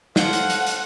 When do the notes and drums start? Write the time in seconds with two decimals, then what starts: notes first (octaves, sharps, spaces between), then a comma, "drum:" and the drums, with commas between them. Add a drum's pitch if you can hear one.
0.16 A4 C5 F5 F#5, drum: snare
0.33 drum: hi-hat
0.50 drum: hi-hat
0.67 drum: hi-hat